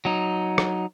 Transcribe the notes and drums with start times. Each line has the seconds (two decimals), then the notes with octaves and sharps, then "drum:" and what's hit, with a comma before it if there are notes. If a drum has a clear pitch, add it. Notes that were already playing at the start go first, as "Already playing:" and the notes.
0.05 F#3 D#4
0.58 drum: rim click